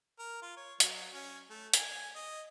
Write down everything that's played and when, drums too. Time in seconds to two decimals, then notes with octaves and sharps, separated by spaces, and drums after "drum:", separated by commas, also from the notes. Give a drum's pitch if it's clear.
0.19 A#4
0.42 F4
0.57 C#5
0.80 F#3, drum: hi-hat
1.14 C#4
1.50 A3
1.74 G#5, drum: hi-hat
2.15 D#5